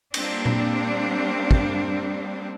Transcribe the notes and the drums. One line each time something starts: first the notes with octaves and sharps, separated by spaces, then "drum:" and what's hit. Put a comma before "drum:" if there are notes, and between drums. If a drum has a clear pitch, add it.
G3 A#3 C4 D4, drum: cymbal
drum: tom A#2
drum: kick